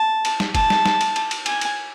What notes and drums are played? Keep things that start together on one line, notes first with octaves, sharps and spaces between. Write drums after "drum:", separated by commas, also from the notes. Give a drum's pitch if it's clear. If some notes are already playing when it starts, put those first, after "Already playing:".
Already playing: A5
drum: cymbal
drum: snare
A5, drum: kick, cymbal
drum: snare
drum: snare
drum: cymbal
drum: cymbal
drum: cymbal
G#5, drum: cymbal
drum: cymbal